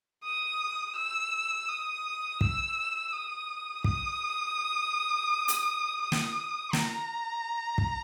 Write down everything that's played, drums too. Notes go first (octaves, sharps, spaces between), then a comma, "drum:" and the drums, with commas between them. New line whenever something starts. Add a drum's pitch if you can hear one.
D#6
E6
D#6
E6, drum: kick
D#6
D#6, drum: kick
drum: hi-hat
D#6
drum: snare
A#5, drum: snare
drum: kick